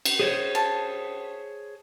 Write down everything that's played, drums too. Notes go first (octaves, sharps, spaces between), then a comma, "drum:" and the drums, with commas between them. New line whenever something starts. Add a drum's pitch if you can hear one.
drum: cymbal
G#4 C5 C#5
A5